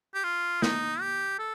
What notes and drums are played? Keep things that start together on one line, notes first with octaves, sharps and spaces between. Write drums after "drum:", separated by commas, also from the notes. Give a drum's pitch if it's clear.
G4
F4
D#4, drum: snare
G4
A4